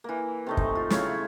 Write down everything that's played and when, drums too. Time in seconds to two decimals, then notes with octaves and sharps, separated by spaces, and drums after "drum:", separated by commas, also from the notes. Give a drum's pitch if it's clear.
0.04 E3 A#3
0.47 C3 A3 D#4
0.57 drum: kick
0.75 F4
0.90 C#3 E4 C#5 F5, drum: snare